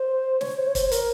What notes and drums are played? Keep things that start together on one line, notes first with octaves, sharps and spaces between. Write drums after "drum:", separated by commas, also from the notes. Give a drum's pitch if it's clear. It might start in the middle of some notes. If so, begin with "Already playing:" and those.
Already playing: C5
C#5, drum: snare
C5
C#5
C5, drum: kick, hi-hat
A#4, drum: hi-hat